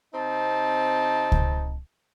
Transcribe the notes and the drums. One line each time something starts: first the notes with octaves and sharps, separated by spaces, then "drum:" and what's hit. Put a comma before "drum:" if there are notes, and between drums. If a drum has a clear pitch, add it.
C3 C4 D#4 A5
drum: kick C#2